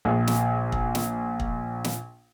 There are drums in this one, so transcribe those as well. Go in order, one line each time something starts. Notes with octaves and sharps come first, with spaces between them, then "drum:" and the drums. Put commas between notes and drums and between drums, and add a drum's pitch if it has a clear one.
A#1 G#4
drum: snare
drum: kick
drum: snare
drum: kick
drum: snare